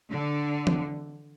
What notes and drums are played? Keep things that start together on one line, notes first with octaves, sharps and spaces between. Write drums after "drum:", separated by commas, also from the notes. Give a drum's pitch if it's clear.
D3
drum: tom E3